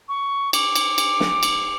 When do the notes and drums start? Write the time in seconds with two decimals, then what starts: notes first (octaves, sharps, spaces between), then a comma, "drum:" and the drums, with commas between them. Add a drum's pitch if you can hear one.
0.09 C#6
0.53 D6, drum: cymbal
0.75 drum: cymbal
0.98 drum: cymbal
1.20 drum: snare
1.43 drum: cymbal